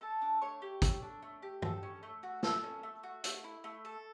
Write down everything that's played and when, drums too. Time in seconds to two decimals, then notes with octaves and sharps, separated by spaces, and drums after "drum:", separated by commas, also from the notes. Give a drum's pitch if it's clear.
0.01 A3 A4 A5
0.22 D4
0.42 A3 C#5 C#6
0.62 G4
0.82 A3, drum: kick, hi-hat
1.02 D4
1.22 A3
1.43 G4
1.62 A4, drum: tom
1.83 C#4
2.03 A3
2.23 F#4
2.43 A4 E5 E6, drum: snare
2.63 C#4
2.83 A3
3.03 F#4
3.24 A3, drum: hi-hat
3.44 E4
3.64 A3
3.85 A4